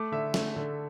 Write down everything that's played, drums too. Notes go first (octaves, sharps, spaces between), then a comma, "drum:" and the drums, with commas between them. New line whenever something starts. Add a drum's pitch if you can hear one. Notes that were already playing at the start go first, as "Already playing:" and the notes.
Already playing: A3 D6
D3 E5
A3, drum: snare
D3